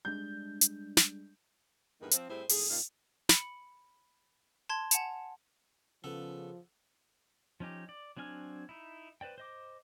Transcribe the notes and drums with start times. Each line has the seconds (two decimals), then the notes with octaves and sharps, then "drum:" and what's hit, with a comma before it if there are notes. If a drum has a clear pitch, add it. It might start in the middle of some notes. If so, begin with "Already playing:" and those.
0.05 G3 G#3 D4 G6
0.61 drum: hi-hat
0.97 drum: snare
2.00 E2 G2 D#3 A#3 G#4 B4
2.11 F3 C4, drum: hi-hat
2.28 A2 G3 C4 E4 G#4 C5
2.49 E2 G#2 A3 G#4, drum: open hi-hat
2.70 A#2 C#3 D#4 F5
3.29 B5 C#7, drum: snare
4.69 A5 C6 G#6
4.91 F#5 G#5 A5 C#7 E7 F7, drum: hi-hat
6.04 C#3 F3 B3 A4
7.60 F3 C#4 D#4 G4
7.89 D5
8.17 F#3 C4 D4 G#5 F6
8.69 D#4 E4
9.21 B4 C5 D5 G5
9.38 C5 D#5 D6